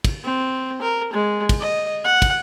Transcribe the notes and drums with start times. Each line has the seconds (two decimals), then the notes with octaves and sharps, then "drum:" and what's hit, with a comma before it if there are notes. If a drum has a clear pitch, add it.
0.04 drum: kick, cymbal
0.24 C4
0.82 A#4
1.13 G#3
1.49 drum: kick, cymbal
1.60 D#5
2.04 F#5
2.22 drum: kick, cymbal